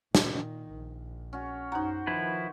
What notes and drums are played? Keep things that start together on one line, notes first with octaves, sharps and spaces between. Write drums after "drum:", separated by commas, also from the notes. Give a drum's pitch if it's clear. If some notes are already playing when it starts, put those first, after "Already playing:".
A#2 D#3, drum: snare
A#1
C#4 F#4
F#2 D#4 F#4 C5 A#5
D#3 F3 E4 B4